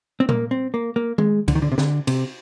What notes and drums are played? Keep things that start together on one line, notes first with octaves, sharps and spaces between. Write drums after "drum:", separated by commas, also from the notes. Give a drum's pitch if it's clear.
C4
A#3, drum: tom A#2
C4
A#3
A#3
G#3, drum: tom D#3
D3, drum: kick C#2, cymbal
D#3
D3
C3
D3, drum: snare
C3, drum: cymbal